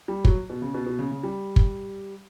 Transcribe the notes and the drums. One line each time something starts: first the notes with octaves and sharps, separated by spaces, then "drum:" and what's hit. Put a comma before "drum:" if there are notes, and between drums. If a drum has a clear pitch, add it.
G3
F#3, drum: kick
B2
C#3
B2
B2
C#3
C#3
G3
drum: kick